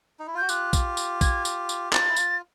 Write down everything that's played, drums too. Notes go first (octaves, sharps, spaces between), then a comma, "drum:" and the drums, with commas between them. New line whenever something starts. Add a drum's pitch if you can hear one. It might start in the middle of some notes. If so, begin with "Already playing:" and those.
D#4
E4
F4
F#4 G6
F4 G4 F#6, drum: tambourine
drum: kick, tambourine
drum: tambourine
G#6, drum: kick, tambourine
drum: tambourine
drum: tambourine
F4 A6, drum: clap
E4
F4, drum: tambourine